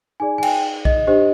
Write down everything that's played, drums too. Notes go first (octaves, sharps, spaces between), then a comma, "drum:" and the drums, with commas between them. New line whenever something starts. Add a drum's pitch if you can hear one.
D#4 G#4 D5 G#5
G#5
G5, drum: cymbal
D#5, drum: kick A#1
D4 G4 C5 D#5